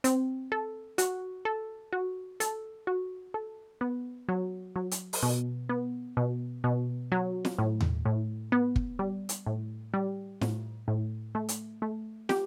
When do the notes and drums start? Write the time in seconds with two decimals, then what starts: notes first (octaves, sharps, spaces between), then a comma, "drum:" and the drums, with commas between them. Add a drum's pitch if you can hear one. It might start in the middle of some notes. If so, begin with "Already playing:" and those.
0.04 C4, drum: hi-hat
0.52 A4
0.98 F#4, drum: hi-hat
1.45 A4
1.93 F#4
2.40 A4, drum: hi-hat
2.87 F#4
3.34 A4
3.81 B3
4.29 F#3
4.76 F#3
4.91 drum: hi-hat
5.13 drum: open hi-hat
5.23 B2
5.69 B3
6.17 B2
6.64 B2
7.12 F#3
7.45 drum: snare
7.59 A2
7.81 drum: tom D#2
8.05 A2
8.52 B3
8.76 drum: kick
8.99 G3
9.29 drum: hi-hat
9.46 A2
9.94 G3
10.41 A2, drum: snare
10.88 A2
11.35 A3
11.49 drum: hi-hat
11.82 A3
12.29 G4, drum: snare